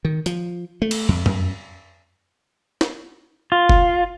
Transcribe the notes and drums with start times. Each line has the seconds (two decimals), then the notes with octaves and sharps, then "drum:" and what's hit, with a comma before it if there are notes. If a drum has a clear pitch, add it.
0.05 D#3
0.26 F3, drum: hi-hat
0.82 A3
0.91 drum: cymbal
1.09 F2
1.26 F#2, drum: tom F2
2.81 drum: snare
3.52 F4
3.69 drum: kick F1